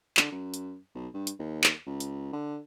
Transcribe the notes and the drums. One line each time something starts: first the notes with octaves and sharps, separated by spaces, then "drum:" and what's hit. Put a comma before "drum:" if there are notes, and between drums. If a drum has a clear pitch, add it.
D3, drum: clap
F#2
drum: hi-hat
B1
G2
drum: hi-hat
D#2
drum: clap
C#2
drum: hi-hat
D3